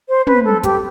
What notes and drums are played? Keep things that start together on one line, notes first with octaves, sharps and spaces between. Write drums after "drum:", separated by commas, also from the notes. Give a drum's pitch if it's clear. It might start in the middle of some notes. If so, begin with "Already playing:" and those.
C5
B4, drum: tom
A4
G4, drum: kick, hi-hat